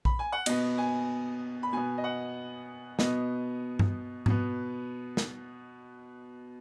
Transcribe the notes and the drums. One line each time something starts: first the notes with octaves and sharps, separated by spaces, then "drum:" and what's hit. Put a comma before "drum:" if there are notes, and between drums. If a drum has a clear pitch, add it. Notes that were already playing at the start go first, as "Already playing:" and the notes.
B5, drum: kick A#1
G#5
F#5
B2 B3 D#5, drum: cymbal
G#5
B5
B2 B3 G#5
D#5
F#5
B2 B3 D#5, drum: snare
drum: tom G2
B2 B3, drum: tom G#2
drum: snare